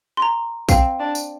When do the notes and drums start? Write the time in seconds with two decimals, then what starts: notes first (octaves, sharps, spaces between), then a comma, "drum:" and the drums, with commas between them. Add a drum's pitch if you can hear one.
0.17 C6
0.22 A#5
0.69 C4 F5, drum: kick A#1, tambourine
1.00 D4
1.15 drum: tambourine